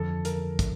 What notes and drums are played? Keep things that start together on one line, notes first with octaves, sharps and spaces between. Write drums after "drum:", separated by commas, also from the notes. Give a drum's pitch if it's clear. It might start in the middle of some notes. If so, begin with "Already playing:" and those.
Already playing: F2 D3 F3 A4
A#4, drum: hi-hat
drum: kick, hi-hat